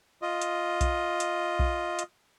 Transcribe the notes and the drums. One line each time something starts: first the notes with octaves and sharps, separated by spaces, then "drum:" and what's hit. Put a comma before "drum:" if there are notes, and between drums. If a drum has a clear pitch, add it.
F4 D#5
drum: hi-hat
drum: kick B1, hi-hat
drum: hi-hat
drum: kick B1
drum: hi-hat